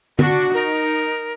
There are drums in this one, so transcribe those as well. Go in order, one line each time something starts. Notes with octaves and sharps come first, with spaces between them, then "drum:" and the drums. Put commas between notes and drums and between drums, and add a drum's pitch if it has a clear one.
D4 F#4, drum: tom
D#4 A#4